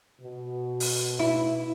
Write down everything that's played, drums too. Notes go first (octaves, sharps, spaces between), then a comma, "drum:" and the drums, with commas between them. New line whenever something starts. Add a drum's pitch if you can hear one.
B2
drum: open hi-hat
E4